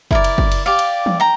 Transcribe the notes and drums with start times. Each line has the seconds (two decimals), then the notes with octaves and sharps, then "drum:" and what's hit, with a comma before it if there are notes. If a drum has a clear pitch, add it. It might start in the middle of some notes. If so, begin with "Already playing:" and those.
0.11 E4 A#4 D5, drum: kick
0.24 drum: cymbal
0.38 drum: kick
0.52 drum: cymbal
0.66 G4 D5 F5
0.79 drum: cymbal
1.06 drum: tom E3
1.20 G5 A#5